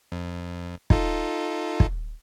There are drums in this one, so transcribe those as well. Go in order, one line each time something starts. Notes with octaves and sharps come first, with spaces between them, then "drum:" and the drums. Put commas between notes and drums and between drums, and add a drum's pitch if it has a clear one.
F2
D#4 F4 A4, drum: kick
drum: kick